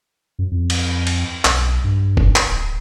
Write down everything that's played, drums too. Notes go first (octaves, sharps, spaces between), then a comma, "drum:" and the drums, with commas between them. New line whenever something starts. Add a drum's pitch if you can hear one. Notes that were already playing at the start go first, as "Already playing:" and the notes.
F#2
F2
drum: cymbal
drum: cymbal
B1, drum: clap
G2
drum: kick
drum: clap
D1